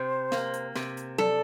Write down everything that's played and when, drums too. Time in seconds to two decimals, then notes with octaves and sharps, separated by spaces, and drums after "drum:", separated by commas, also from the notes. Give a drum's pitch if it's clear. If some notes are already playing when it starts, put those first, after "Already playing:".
Already playing: C3 C5
0.32 A#3, drum: snare
0.54 drum: hi-hat
0.75 C3, drum: snare
0.97 drum: hi-hat
1.18 A4 D5, drum: tom F#3